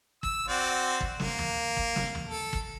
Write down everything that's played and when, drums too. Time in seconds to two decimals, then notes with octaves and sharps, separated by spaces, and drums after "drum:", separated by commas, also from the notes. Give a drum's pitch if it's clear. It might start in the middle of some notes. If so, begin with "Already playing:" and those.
0.23 E6, drum: kick
0.48 C4 F#4 D5
1.01 drum: kick
1.20 A#3, drum: snare
1.39 drum: tom
1.77 drum: kick
1.96 drum: snare
2.15 drum: tom
2.29 A4
2.53 drum: kick